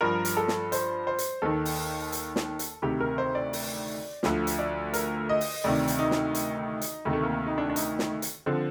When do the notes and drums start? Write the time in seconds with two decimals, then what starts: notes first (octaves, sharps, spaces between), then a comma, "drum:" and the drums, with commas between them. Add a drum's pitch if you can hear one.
0.01 G2 F3 A#4
0.25 drum: hi-hat
0.37 A4
0.48 drum: snare
0.72 C5, drum: hi-hat
1.07 C5
1.18 drum: hi-hat
1.42 D#2 D#3 A4
1.65 drum: open hi-hat
2.12 drum: hi-hat
2.36 drum: snare
2.59 drum: hi-hat
2.82 D2 C3 D#3 G4
3.01 A#4
3.18 C5
3.35 D5
3.53 drum: open hi-hat
4.23 D2 D3 F3, drum: snare
4.47 drum: hi-hat
4.59 D5
4.94 A#4, drum: hi-hat
5.29 D#5
5.41 drum: open hi-hat
5.64 D2 C3 D#3 D5
5.88 drum: hi-hat
5.99 D#4
6.11 drum: snare
6.35 drum: hi-hat
6.81 drum: hi-hat
7.05 D2 C3 D#3
7.13 A3
7.23 A#3
7.46 D#4
7.58 D4
7.70 D4
7.76 D#4, drum: hi-hat
7.99 drum: snare
8.22 drum: hi-hat
8.46 D3 F3 C4